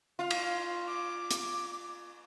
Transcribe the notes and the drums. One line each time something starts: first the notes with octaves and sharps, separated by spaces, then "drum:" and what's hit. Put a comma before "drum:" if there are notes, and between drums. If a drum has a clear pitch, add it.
F4 F5
drum: cymbal
D6
drum: hi-hat